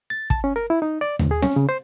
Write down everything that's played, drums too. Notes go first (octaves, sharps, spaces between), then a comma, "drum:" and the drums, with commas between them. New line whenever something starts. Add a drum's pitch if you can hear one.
A6
A5, drum: kick
C#4
A#4
E4
D#4
D5
D2, drum: tom D#2
G#4
C#4, drum: snare C4
C#3
C5